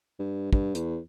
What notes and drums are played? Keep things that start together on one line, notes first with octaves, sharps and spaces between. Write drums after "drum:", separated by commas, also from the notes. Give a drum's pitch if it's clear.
G2
G2, drum: kick
E2, drum: hi-hat